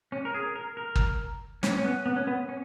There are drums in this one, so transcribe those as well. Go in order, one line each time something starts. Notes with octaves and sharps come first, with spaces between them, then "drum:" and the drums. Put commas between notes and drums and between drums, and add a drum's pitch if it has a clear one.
C#4
A#4
G#4
A#4
A#4
drum: kick
C#4, drum: snare
C#4
B3
B3
C#4
B3
C#4